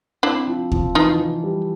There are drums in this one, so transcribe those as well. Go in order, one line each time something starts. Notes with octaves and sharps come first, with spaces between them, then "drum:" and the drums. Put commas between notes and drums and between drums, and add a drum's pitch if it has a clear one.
C4 D4 E4
F3
F3, drum: kick D#2
E3 D#4 F4
E3
G3